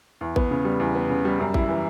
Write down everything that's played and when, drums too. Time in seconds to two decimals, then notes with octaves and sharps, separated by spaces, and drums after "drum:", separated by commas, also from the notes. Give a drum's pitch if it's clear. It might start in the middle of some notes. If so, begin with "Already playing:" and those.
0.21 E2
0.36 B3, drum: kick A1
0.51 C#3
0.65 G3
0.80 E2
0.95 B3
1.10 C#3
1.25 G3
1.40 F#2
1.54 E4, drum: kick A1
1.69 E3